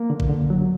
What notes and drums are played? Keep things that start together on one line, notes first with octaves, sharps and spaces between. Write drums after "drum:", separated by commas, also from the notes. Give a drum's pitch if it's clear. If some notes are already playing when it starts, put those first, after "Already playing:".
Already playing: A#3
D3
drum: kick
D3
F#3